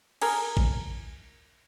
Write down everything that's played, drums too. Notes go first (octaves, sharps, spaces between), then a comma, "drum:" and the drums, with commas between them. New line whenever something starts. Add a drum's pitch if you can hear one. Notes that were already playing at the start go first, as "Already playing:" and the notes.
G#4 A#4, drum: cymbal
drum: kick G#1